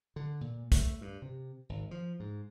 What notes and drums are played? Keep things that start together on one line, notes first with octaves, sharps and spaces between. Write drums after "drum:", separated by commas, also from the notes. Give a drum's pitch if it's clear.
D3
A#2
A3, drum: kick, hi-hat
G2
C3
G#1
F3
G#2